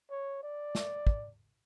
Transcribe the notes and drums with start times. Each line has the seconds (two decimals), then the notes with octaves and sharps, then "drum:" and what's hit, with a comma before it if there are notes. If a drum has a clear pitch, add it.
0.11 C#5
0.43 D5
0.75 drum: snare
1.07 drum: kick